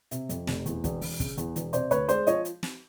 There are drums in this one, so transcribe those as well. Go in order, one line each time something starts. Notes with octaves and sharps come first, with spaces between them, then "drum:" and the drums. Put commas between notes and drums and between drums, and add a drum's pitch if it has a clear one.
C3, drum: hi-hat
F2, drum: hi-hat
F1, drum: snare
E2, drum: hi-hat
E1, drum: kick, hi-hat
E1, drum: open hi-hat
C#3, drum: kick, hi-hat
E2, drum: hi-hat
E1, drum: hi-hat
C3 C5 D5, drum: hi-hat
D2 B4 C#5, drum: hi-hat
G#3 C5 D5, drum: hi-hat
F3 C#5 D#5, drum: hi-hat
drum: hi-hat
drum: snare